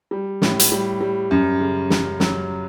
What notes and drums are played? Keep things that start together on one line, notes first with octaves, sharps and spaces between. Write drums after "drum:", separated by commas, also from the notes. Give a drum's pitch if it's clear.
G3
A2, drum: snare
drum: hi-hat
G3
G3
F#2
C#3
F#2, drum: snare
F#3, drum: snare